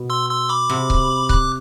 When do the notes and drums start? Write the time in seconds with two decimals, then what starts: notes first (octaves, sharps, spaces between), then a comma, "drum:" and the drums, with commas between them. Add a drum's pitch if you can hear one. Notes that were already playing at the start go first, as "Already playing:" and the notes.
Already playing: B2
0.10 C6 E6
0.30 C6 E6
0.49 B5 D6
0.70 C3
0.90 drum: kick C#1
1.29 D6 F#6, drum: kick C#1